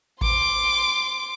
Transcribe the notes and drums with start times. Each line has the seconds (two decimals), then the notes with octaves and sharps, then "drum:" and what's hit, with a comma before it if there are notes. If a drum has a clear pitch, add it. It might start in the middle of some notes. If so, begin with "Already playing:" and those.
0.21 C6 D6, drum: kick G#1